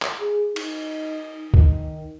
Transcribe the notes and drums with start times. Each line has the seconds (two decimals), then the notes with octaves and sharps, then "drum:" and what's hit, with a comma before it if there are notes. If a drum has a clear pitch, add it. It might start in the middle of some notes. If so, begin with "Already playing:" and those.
0.02 drum: clap
0.21 G#4
0.56 D#4, drum: cymbal
1.54 D#3, drum: kick C2